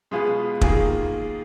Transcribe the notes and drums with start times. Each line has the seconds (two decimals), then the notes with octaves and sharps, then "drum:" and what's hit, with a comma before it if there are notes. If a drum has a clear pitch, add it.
0.11 B2 G#3 B3 F4 G#4
0.61 D#3 A#3 F4 G#4, drum: kick